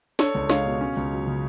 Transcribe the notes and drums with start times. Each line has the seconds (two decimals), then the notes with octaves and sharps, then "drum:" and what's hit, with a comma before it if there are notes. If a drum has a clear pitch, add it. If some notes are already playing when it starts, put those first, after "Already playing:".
0.19 D4 A4 C#5, drum: snare
0.34 C#2
0.50 G#3 C#5 F5, drum: snare
0.65 B2
0.81 C#4
0.97 C#2
1.12 F#3
1.27 C#3